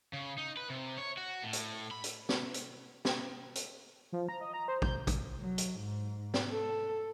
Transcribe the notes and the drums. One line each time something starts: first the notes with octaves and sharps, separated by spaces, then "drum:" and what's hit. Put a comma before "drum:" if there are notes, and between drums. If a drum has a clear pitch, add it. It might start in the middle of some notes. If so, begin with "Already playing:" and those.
C#3
D#4
B4
C3
C#5
F#4
A2
drum: hi-hat
B5
drum: hi-hat
drum: snare
drum: hi-hat
drum: snare
drum: hi-hat
F3
A#5
D#5
A#5
C5
G6, drum: kick
drum: kick, hi-hat
F#3
drum: hi-hat
G#2
drum: snare
A4